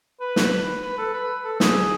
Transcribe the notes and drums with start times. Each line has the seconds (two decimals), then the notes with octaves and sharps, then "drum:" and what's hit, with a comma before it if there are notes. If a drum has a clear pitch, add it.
0.20 B4
0.36 drum: snare
0.83 B4
0.98 A4
1.13 B4
1.45 A4
1.60 G#4, drum: snare